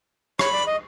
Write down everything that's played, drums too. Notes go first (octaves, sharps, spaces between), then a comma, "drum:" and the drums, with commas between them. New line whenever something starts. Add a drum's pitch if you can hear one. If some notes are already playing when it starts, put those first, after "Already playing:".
C#5 B5, drum: rim click
D5
D#5